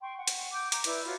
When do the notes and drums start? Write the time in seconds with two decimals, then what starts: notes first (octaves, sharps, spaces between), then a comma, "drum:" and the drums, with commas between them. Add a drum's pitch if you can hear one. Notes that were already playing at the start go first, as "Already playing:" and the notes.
0.01 G5 C6 C#6
0.17 F#5 C#6
0.28 drum: hi-hat
0.51 D6 G6
0.72 A#5, drum: hi-hat
0.84 E4 B4 D5, drum: hi-hat
1.04 F4 F#4 C#5